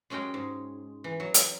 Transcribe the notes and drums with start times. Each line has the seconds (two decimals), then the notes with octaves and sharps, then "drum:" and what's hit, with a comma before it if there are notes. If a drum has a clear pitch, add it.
0.10 F#2 G#3 C#4 F#4 G5
0.34 G#2
1.04 E3
1.20 F#3
1.34 drum: hi-hat